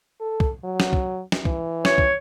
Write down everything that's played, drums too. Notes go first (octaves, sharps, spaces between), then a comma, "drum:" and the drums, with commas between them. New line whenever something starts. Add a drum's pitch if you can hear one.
A4
drum: kick
F#3
drum: snare
drum: kick
drum: snare
E3, drum: kick
C#5, drum: snare
drum: kick